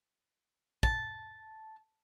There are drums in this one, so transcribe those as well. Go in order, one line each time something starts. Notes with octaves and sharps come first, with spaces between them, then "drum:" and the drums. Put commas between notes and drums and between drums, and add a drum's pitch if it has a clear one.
A5, drum: kick